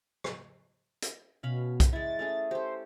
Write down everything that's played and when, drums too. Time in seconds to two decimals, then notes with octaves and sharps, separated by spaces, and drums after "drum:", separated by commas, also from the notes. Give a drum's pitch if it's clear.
0.24 drum: rim click
1.02 drum: hi-hat
1.43 B2 C#4 F5 B5
1.80 drum: kick B1, hi-hat
1.93 G#3 E4 A6
2.19 A3 C#4 G#4
2.51 G4 A4 C5